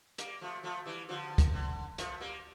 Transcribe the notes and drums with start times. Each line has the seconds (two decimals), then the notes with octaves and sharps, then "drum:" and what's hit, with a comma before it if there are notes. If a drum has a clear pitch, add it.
0.18 G3 A#3, drum: hi-hat
0.41 F3 A3
0.63 F3 A3
0.86 E3 G3
1.09 D3 F3
1.38 drum: kick, hi-hat
1.53 D3
1.98 F3 A3, drum: hi-hat
2.21 G3 A#3